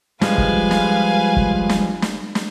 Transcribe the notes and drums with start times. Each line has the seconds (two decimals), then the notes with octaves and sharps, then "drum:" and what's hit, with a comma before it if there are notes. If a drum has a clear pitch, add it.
0.21 F3 G3 G#3 B4 F5 G#5, drum: snare
0.38 drum: kick
0.71 drum: snare
1.37 drum: kick
1.69 drum: snare
2.02 drum: snare
2.35 drum: snare